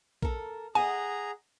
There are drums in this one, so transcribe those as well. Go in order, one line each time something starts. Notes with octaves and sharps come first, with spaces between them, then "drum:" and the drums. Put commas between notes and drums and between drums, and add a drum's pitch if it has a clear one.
A4 A#4, drum: kick A#1
G#4 D#5 F#5 G#5 A#5